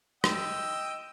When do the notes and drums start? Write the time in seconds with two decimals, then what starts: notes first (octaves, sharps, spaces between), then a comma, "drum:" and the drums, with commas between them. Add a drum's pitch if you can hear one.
0.24 D#5 G5 E6, drum: rim click